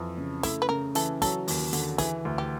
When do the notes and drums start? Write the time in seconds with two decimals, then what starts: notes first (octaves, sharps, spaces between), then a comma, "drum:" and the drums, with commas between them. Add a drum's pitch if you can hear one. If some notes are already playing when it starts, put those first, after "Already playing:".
Already playing: F2 E3
0.18 C#3
0.43 A3 E4, drum: kick, hi-hat
0.62 B4
0.69 C#3 A#4
0.95 E3 A4, drum: hi-hat
1.22 F#3 A4, drum: kick, hi-hat
1.48 D#2, drum: open hi-hat
1.73 D3, drum: hi-hat
1.98 E3 G#4, drum: kick, hi-hat
2.25 D2
2.38 G4